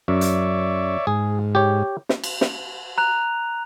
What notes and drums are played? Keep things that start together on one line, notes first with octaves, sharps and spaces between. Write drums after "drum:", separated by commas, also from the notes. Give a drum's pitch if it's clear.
F#2 C#5 D5 E5
drum: hi-hat
G#2 G#4
G4 C#5
drum: snare
drum: cymbal
drum: snare
A#5 F#6 F7